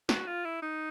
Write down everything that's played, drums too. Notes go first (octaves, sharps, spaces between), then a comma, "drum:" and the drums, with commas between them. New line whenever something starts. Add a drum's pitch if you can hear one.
F#4, drum: snare
F4
E4
D#4